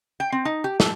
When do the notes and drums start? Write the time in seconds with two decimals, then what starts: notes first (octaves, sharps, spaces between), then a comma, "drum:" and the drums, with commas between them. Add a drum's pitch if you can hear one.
0.20 G5
0.32 C4
0.45 D#4
0.64 G4
0.80 A4, drum: snare